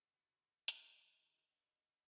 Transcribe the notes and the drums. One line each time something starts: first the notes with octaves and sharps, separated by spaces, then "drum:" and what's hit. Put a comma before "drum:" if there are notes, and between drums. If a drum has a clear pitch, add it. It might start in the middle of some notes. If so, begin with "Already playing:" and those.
C3 B3 F#4
A2 A#3, drum: hi-hat
E2 B2
A#2 D#3 G#3
B2 B3 D4